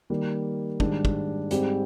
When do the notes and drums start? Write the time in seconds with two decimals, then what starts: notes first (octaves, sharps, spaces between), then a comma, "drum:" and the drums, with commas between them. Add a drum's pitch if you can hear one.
0.10 D#3 G3 A#3
0.80 G#2 D#3 G3 D4, drum: kick
1.05 drum: kick
1.51 G#2 G3 C4 G4, drum: hi-hat